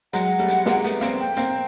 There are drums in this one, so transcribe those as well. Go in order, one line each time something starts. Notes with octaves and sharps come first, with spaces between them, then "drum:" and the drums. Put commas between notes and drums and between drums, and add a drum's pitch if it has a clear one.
F#3 G#3 F#5, drum: hi-hat
G3 A3
drum: hi-hat
G#3 A#3, drum: snare
A3 B3, drum: hi-hat
A#3 C4, drum: hi-hat
G5
A#3 C4, drum: hi-hat